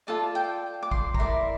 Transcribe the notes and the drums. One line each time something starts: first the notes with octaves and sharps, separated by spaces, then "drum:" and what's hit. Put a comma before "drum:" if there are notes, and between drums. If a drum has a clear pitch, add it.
F4 A4 D5 A5
G5
D6
C6, drum: kick
A#5, drum: kick
E4 A#4 D5 C6